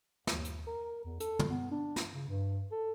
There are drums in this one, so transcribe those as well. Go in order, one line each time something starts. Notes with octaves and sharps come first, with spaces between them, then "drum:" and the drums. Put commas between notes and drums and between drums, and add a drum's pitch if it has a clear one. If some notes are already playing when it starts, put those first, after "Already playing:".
D#2, drum: snare
drum: hi-hat
A#4
E2
A4, drum: hi-hat
drum: tom
B3
D4
drum: snare
C#3
G2
A4